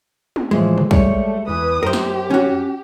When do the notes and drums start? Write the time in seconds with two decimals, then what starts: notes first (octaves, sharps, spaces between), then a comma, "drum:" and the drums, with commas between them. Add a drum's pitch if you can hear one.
0.36 drum: tom
0.51 A2 E3 F3 G#3
0.78 drum: tom
0.91 G3 A3 C#5, drum: kick
1.47 E2 E3 B4 D#6
1.83 F#2 G4 A#4 C5
1.93 drum: snare
2.30 C#4 F#4